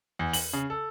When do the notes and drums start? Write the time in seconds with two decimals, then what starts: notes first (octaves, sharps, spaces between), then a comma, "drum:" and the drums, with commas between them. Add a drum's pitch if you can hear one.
0.19 E2
0.33 F#7, drum: open hi-hat
0.53 C#3
0.70 A4